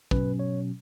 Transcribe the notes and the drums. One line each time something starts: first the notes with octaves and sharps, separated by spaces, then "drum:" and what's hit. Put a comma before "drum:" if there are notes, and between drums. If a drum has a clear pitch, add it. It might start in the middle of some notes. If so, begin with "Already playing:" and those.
B2 F#3 C#4 B4, drum: kick
C#5